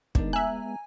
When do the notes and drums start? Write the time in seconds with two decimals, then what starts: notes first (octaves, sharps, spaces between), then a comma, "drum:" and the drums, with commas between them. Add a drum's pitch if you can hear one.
0.15 D#3 G#3 B3 D4, drum: kick
0.33 E5 G#5 A#5 F#6